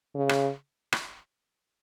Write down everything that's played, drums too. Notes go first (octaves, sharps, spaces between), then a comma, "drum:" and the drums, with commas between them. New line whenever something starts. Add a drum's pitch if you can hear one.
C#3
drum: rim click
drum: rim click